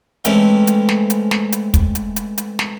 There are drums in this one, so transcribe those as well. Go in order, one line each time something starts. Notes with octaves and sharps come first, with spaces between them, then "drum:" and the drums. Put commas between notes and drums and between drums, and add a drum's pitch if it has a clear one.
E3 G#3 A3 C4 C#4, drum: hi-hat
drum: hi-hat
drum: snare
drum: hi-hat
drum: snare
drum: hi-hat
drum: kick, hi-hat
drum: hi-hat
drum: hi-hat
drum: hi-hat
drum: snare